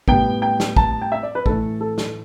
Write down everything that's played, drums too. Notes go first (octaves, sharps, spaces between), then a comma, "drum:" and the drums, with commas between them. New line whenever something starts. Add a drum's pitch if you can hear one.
A2 G3 B3 G5, drum: kick
G5
drum: snare
A5, drum: kick
G5
E5
D5
B4
A2 E3 A3 A4, drum: kick
A4
drum: snare